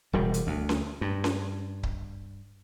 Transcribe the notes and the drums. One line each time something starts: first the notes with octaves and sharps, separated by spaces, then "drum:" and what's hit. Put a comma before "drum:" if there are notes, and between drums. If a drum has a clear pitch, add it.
E1 B2 G3
drum: hi-hat
D2
drum: snare C#4
G2
drum: snare C#4
drum: kick C#1